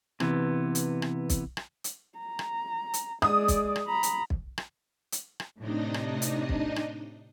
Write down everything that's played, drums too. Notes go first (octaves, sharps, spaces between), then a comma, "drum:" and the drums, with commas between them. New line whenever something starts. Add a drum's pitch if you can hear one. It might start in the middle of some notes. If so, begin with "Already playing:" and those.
C3 E3 B3, drum: rim click
drum: hi-hat
drum: rim click
drum: kick, hi-hat
drum: rim click
drum: hi-hat
A#5
drum: rim click
drum: hi-hat
G#3 D5 D#6, drum: rim click
drum: kick, hi-hat
drum: rim click
A#5 B5
drum: hi-hat
drum: kick
drum: rim click
drum: hi-hat
drum: rim click
A2 C3 D4 D#4 D#5
drum: rim click
drum: hi-hat
drum: kick
drum: rim click